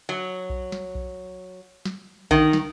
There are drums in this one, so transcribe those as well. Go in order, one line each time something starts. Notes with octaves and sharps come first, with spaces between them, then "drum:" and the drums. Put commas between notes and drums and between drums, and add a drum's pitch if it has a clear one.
F#3
drum: kick B1
drum: snare
drum: kick B1
drum: snare
D#3, drum: kick B1
drum: snare